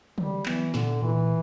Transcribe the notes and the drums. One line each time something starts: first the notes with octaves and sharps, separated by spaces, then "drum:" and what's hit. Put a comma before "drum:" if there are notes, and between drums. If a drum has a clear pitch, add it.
F#3 G3, drum: tom
E3 B3, drum: clap
A#2 D3, drum: snare
A#2 E3